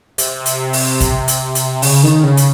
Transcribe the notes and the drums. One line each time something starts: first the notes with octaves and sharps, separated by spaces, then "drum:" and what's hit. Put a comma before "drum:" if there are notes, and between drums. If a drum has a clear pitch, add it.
C3, drum: hi-hat
drum: hi-hat
drum: open hi-hat
drum: kick, hi-hat
drum: hi-hat
drum: hi-hat
C#3, drum: open hi-hat
D#3
C#3
drum: hi-hat